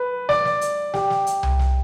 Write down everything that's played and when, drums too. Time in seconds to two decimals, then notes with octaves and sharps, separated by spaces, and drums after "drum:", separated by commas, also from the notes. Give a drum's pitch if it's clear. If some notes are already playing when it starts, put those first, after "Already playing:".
Already playing: B4
0.29 D5, drum: snare
0.45 drum: snare
0.61 drum: hi-hat
0.94 G4, drum: snare
1.10 drum: snare
1.27 drum: hi-hat
1.43 drum: tom C2
1.59 drum: snare